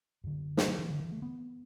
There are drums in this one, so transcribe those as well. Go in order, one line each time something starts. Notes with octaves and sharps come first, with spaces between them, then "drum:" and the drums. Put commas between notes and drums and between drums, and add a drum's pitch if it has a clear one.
F#2 D3
A3, drum: snare
F#3
E3
D3
E3
A3
B3